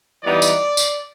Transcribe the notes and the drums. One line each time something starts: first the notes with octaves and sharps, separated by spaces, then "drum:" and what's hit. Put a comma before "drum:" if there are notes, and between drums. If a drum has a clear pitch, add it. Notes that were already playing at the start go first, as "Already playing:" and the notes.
E3 G3 B3 D#4 D5
drum: tambourine
drum: tambourine